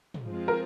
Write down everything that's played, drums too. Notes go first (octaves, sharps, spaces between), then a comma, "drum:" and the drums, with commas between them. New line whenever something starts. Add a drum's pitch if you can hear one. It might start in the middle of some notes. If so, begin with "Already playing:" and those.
drum: tom
F3 G#3 C4 F4
A#4